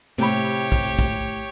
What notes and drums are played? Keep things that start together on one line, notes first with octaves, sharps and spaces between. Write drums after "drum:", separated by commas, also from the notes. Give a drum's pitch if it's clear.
A2 C3 G4 C#5 B5
drum: kick
drum: kick